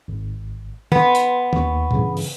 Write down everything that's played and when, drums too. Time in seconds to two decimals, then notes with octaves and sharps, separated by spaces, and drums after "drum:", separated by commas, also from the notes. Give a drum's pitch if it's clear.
0.08 G#1
0.92 B3 B4 C6, drum: tom
1.15 drum: hi-hat
1.53 D#2 C#6, drum: tom
1.91 G2 C#3 E3, drum: tom
2.17 drum: open hi-hat